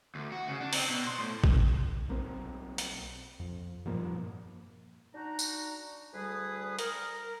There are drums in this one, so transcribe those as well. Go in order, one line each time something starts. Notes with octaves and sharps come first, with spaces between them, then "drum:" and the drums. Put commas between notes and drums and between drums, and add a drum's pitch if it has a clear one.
D2
F#4
C#3
D4
C4, drum: open hi-hat
B2
C6
A2
drum: kick
B1 A#3 C4
drum: hi-hat
F2
G2 A#2 F3 A#3
D4 D#4 F#4 A#5
drum: tambourine
D2 G3 G#4 B4 D#6
A#4, drum: hi-hat